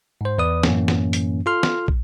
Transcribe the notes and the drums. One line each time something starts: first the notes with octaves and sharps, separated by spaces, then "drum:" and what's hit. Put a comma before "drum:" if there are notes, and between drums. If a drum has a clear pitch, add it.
G#2 C5
E2 B4 D5 D#6
F#2 A2 E3 A#3 C#4, drum: snare
drum: snare
drum: hi-hat
F4 A4 C6 F6
drum: snare
drum: kick